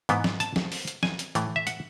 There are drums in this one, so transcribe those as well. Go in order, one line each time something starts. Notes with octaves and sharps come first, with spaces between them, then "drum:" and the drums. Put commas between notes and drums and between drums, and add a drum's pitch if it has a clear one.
G#2 E3 B3, drum: hi-hat
drum: snare
A5, drum: hi-hat
drum: snare
drum: open hi-hat
drum: hi-hat
G#5, drum: snare
drum: hi-hat
A2 E3 A3, drum: hi-hat
E5
F#5, drum: hi-hat